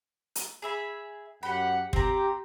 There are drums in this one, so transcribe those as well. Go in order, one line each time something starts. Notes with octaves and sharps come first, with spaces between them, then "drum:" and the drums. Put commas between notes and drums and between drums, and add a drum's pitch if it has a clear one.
drum: hi-hat
G#4 E5 B5
F#2 G4 F#5 B5
C4 G4 A#5, drum: kick